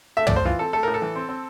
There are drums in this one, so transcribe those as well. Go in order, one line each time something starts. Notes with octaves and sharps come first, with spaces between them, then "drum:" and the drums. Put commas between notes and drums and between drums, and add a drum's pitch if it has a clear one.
A3 E5
D5, drum: tom
A2 C5
E3 F4
C4 A4
A3 A4
A2 A#4
A4
E3
C4
C4